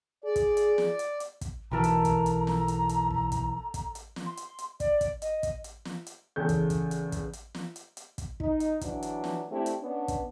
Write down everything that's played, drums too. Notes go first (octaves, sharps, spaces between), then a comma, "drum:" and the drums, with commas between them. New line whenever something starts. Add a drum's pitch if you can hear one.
G#4 D5
drum: kick, hi-hat
drum: hi-hat
drum: snare
drum: hi-hat
drum: hi-hat
drum: kick, hi-hat
B1 E3 A4 A#4 A#5 B5
drum: hi-hat
drum: kick, hi-hat
drum: hi-hat
drum: snare
drum: hi-hat
drum: hi-hat
drum: kick
drum: kick, hi-hat
drum: kick, hi-hat
drum: hi-hat
drum: snare
C6
drum: hi-hat
drum: hi-hat
D5, drum: kick, hi-hat
drum: kick, hi-hat
D#5, drum: hi-hat
drum: kick, hi-hat
drum: hi-hat
drum: snare
drum: hi-hat
E2 C#3 A4 G6
drum: kick, hi-hat
drum: kick, hi-hat
drum: hi-hat
drum: kick, hi-hat
drum: hi-hat
drum: snare
drum: hi-hat
drum: hi-hat
drum: kick, hi-hat
D#4, drum: kick
drum: hi-hat
E3 F#3 D4, drum: kick, hi-hat
drum: hi-hat
drum: snare
A3 C4 D4 E4 G4
drum: hi-hat
B3 C#4 D4
drum: kick, hi-hat